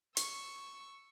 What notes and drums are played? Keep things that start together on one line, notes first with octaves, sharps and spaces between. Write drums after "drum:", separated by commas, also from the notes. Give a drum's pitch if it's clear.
C#6 E6, drum: hi-hat